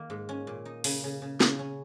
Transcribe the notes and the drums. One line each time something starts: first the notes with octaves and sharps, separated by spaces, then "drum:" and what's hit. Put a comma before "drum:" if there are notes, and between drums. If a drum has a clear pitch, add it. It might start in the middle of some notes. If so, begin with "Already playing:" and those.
Already playing: D#3 A#3
G#2
C#4
A#2
D#4
C#3, drum: open hi-hat
C#3
C#3
C#3, drum: snare
C#4